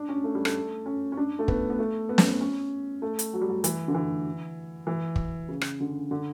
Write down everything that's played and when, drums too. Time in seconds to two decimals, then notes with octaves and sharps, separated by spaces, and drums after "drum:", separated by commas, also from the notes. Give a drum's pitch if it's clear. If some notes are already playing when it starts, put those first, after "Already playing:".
Already playing: D4
0.09 C#4
0.24 A3
0.35 G3
0.45 A3, drum: rim click
0.86 C#4
1.12 C#4
1.17 D4
1.39 A3
1.48 B3, drum: kick
1.70 B3
1.79 A3
2.09 B3
2.18 C#4, drum: snare
2.27 B3
2.41 C#4
3.02 A3
3.19 drum: hi-hat
3.33 F#3
3.41 G3
3.49 F#3
3.64 E3, drum: hi-hat
3.88 D3
3.95 E3
4.87 E3
5.16 drum: kick
5.49 C#3
5.61 drum: rim click
5.80 D3
6.11 D3